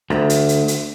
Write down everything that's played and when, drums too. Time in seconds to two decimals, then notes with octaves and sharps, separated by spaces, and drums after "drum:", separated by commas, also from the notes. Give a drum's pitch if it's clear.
0.10 D2, drum: rim click
0.30 drum: hi-hat
0.49 drum: hi-hat
0.68 drum: hi-hat